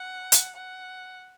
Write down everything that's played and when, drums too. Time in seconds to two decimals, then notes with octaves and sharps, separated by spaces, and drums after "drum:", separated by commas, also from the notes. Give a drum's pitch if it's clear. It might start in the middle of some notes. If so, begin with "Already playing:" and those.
Already playing: F#5
0.32 drum: hi-hat
0.56 F#5